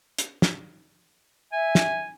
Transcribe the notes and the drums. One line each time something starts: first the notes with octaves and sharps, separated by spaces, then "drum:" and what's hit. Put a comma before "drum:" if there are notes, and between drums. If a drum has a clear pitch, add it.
drum: hi-hat
drum: snare
E5 G#5
drum: snare